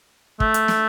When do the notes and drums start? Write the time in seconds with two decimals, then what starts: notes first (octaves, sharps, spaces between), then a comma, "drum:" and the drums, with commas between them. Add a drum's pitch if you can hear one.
0.40 A3, drum: kick
0.54 drum: hi-hat
0.68 drum: snare